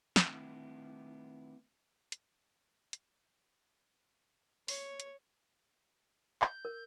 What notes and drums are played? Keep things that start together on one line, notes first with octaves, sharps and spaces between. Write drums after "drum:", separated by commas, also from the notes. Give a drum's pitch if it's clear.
D#3 A3 B3 C4 D4 E4, drum: snare
drum: hi-hat
drum: hi-hat
C#5, drum: open hi-hat
drum: hi-hat
G6, drum: clap
A#4